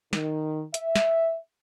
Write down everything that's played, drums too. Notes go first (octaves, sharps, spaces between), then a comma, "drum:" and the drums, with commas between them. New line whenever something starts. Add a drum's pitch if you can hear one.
D#3, drum: snare
E5, drum: hi-hat
drum: snare